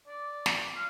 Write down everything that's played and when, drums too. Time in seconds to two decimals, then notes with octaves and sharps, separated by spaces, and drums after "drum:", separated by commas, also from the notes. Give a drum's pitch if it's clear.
0.07 D5
0.46 drum: snare
0.75 F4